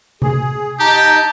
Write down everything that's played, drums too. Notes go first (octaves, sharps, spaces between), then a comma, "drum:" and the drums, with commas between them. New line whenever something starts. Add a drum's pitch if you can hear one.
G#4, drum: tom C3
D#4 G4 A5 A#5